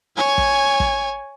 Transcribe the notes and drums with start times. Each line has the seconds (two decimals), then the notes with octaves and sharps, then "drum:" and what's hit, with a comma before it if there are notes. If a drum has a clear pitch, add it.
0.17 C#5 G#5
0.38 drum: kick
0.80 drum: kick